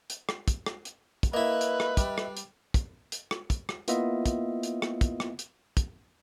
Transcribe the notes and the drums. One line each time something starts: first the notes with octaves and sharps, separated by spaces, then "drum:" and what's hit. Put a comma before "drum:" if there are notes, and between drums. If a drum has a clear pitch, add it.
drum: hi-hat
drum: rim click
drum: kick, hi-hat
drum: rim click
drum: hi-hat
drum: kick, hi-hat
A#3 E4 B4 D#5 E5
drum: hi-hat
drum: rim click
G3, drum: kick, hi-hat
drum: rim click
drum: hi-hat
drum: kick, hi-hat
drum: hi-hat
drum: rim click
drum: kick, hi-hat
drum: rim click
A#3 B3 E4 F4 D#5 E5, drum: hi-hat
drum: kick, hi-hat
drum: hi-hat
drum: rim click
drum: kick, hi-hat
drum: rim click
drum: hi-hat
drum: kick, hi-hat